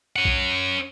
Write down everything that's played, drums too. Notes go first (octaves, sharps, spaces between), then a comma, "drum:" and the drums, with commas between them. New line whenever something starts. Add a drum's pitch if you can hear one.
C#4 F#5
drum: kick B1